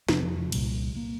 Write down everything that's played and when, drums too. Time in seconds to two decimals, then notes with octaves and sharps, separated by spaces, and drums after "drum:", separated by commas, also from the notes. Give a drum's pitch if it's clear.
0.09 F2 C3 F3, drum: snare
0.23 F3
0.38 F3
0.52 C2 A#2 G3, drum: cymbal
0.96 A#3